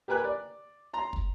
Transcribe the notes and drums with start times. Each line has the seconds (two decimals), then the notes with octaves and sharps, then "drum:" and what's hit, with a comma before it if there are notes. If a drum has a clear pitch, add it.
0.08 G4 A#4 B4 G#5 F#6
0.24 D5
0.93 A#5 C6
1.13 drum: kick